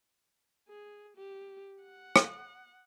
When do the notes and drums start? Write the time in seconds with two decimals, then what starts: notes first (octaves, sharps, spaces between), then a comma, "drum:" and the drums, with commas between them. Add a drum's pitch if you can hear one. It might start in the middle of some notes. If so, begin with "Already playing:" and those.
0.69 G#4
1.16 G4
1.83 F#5
2.16 drum: rim click